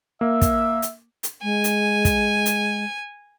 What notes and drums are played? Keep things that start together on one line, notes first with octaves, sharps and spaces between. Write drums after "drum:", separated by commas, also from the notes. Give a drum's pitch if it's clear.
A#3 E5
drum: kick, hi-hat
drum: hi-hat
drum: hi-hat
G#3 G#5
drum: hi-hat
drum: kick, hi-hat
drum: hi-hat